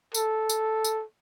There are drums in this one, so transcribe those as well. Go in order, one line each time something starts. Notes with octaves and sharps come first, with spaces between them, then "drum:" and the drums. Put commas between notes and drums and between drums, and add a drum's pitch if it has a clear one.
A4, drum: tambourine
drum: tambourine
drum: tambourine